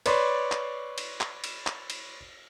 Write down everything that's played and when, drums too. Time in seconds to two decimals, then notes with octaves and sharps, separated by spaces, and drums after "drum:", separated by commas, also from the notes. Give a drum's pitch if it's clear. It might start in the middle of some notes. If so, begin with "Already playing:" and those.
0.06 B4 C#5 D5 B5 C6 D6, drum: cymbal
0.52 drum: clap
0.98 drum: cymbal
1.21 drum: clap
1.44 drum: cymbal
1.67 drum: clap
1.90 drum: cymbal